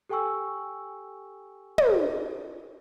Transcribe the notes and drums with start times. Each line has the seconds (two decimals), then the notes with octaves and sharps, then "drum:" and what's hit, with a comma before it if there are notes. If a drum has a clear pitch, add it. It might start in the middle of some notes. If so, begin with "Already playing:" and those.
0.09 G4 A4 G5 G#5 C#6 E6
1.78 drum: tom